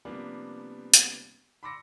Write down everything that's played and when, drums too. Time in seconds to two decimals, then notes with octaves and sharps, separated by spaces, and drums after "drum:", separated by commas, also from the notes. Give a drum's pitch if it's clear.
0.05 C3 F3 G3 A#3 B3 D4
0.94 drum: hi-hat
1.63 B5 C6 D6 E6 A#6 C#7